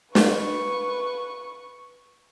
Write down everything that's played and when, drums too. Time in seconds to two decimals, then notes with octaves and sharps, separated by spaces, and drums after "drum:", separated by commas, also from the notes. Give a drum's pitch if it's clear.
0.15 B4 C#6, drum: snare